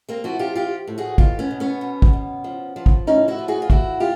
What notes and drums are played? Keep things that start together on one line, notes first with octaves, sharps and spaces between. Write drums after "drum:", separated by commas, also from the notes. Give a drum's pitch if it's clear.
A#3 C4
F3 E4 F#4
F4 G4
F3 F4 G4
A2
F#4 G#4
B2 F4 G4, drum: kick
B3 C#4
B2
B3 C#4
B2
drum: kick
B2
F3
F3
drum: kick
A2 C#4 D#4
E4 F#4
F3
F#4 G#4
F4
A2 E4 F#4, drum: kick
F4 G4